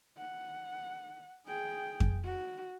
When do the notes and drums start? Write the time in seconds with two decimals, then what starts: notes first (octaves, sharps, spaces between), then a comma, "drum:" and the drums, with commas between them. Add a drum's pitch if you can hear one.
0.17 F#5
1.47 G#4 G5
2.00 drum: kick F2
2.24 F#4